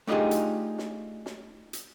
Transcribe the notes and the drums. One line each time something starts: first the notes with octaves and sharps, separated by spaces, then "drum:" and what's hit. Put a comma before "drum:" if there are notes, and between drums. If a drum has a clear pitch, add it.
A3 D4 D#4 F4 G4 G#4
drum: hi-hat
drum: snare
drum: snare
drum: hi-hat